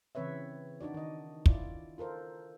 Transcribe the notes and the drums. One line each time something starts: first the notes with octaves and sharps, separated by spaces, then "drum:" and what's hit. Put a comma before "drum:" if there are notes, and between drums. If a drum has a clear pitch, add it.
C#3 E3 C4 B4 C#5 E5
D4 D#4 F#4 D5
D#3 D#5
E4 F4 D5, drum: kick
F4 A4 A#4 C5